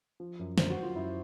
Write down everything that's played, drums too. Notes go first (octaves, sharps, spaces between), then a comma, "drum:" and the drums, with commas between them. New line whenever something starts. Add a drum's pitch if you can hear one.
F3
F#2
F#2 C5, drum: snare
F#4
F#2
F4
F#2 E4